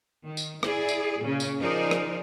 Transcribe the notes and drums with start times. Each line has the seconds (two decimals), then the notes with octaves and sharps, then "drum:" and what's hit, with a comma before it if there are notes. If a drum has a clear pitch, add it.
0.24 D#3
0.37 drum: tambourine
0.63 E4 G#4 D5, drum: rim click
0.89 drum: tambourine
1.21 A#2 C#3
1.40 drum: tambourine
1.61 F3 D#4 G#4 A#4 C5 D5
1.91 drum: rim click